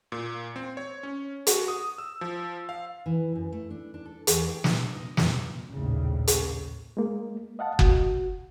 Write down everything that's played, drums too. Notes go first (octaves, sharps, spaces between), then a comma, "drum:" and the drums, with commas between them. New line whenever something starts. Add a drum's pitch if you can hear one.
A#2
C4
C#5
C#4
F#4, drum: hi-hat
D#6
E6
F3
F5
E3
F#2
A3
D4
D4
A4
E2, drum: hi-hat
G5
D4, drum: snare
D#5
F2, drum: snare
A#1 D#2 A2 C#3
drum: hi-hat
G#3 A#3
D#5 F5 F#5 A5
F#4, drum: kick F#1